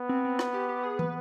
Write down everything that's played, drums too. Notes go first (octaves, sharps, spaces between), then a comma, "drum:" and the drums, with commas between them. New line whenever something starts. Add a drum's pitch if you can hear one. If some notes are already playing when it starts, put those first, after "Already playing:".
Already playing: B3
C4
C4
drum: rim click
G4
G4
G#4
B4, drum: tom